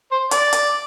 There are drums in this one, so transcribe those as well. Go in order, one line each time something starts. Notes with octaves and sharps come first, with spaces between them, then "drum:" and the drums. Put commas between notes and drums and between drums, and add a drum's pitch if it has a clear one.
C5
D5, drum: hi-hat
drum: hi-hat